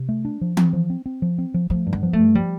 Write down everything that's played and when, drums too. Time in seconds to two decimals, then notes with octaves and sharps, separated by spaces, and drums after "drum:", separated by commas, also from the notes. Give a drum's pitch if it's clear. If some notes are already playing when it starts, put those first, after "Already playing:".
Already playing: C3
0.09 A3
0.25 D4
0.41 F3
0.57 C4, drum: tom E3
0.73 F3
0.90 C4
1.06 C4
1.22 F3
1.38 C4
1.54 F3
1.70 F3 A3
1.87 G2
1.93 B3
2.03 F3
2.13 A3
2.19 G2
2.35 F3 G3